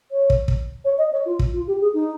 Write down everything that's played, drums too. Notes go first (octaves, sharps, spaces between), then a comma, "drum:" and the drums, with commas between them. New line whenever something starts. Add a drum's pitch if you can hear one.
C#5
drum: kick
drum: kick
C#5
D#5
C#5
F4
drum: kick
F4
G4
G#4
D#4